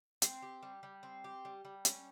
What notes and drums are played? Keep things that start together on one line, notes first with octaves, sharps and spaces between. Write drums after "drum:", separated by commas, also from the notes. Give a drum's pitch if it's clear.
C4, drum: hi-hat
G4
G3
G3
C4
G4
G3
G3
C#4, drum: hi-hat